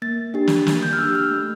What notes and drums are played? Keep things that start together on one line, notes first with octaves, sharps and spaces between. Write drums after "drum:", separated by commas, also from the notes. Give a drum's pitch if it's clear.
A#3 A6
D4 G4
drum: snare
A#3, drum: snare
G6
F6
D4 G4 E6
F6
A3